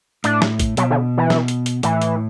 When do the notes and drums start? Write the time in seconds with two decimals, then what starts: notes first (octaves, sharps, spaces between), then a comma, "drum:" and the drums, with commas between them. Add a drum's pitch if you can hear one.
0.24 A2 D4, drum: hi-hat
0.42 drum: snare
0.60 drum: kick A1, hi-hat
0.77 B2 F#3, drum: hi-hat
0.90 D3
1.18 E3
1.30 B2, drum: snare
1.48 drum: hi-hat
1.66 drum: hi-hat
1.83 A2 E3, drum: hi-hat
2.02 drum: hi-hat